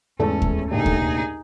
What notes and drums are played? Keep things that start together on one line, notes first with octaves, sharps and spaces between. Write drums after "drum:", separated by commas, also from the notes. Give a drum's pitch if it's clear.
E2 G#2 G#3 A3 C#4 A4 A5
drum: kick D2
F1 A#1 D#2 D#4 G#4
drum: kick D2